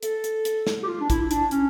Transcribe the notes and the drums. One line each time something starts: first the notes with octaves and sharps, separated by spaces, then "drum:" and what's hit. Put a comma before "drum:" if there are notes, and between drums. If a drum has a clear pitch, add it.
A4, drum: hi-hat
drum: hi-hat
drum: hi-hat
drum: snare
G4
F4
D4
E4, drum: kick, hi-hat
E4
D4, drum: hi-hat
C#4, drum: hi-hat